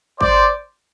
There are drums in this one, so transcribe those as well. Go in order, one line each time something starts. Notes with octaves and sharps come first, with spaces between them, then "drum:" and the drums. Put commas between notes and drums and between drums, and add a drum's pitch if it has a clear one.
C5 D5, drum: kick G#1